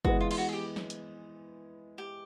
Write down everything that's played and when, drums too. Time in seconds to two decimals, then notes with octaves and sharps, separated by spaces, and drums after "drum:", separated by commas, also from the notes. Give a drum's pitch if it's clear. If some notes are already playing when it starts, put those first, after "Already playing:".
0.05 E3 G#3 B3 F#4, drum: kick
0.21 F4
0.31 F4, drum: cymbal
0.38 F#4
0.49 G#4
0.53 G4
0.76 drum: snare
0.90 drum: hi-hat
1.98 G4